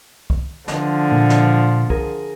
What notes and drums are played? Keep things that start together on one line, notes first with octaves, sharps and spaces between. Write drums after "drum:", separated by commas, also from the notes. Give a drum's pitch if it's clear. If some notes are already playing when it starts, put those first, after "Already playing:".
drum: kick
D3 F3, drum: snare
A#2
drum: snare
G#4 A#4, drum: kick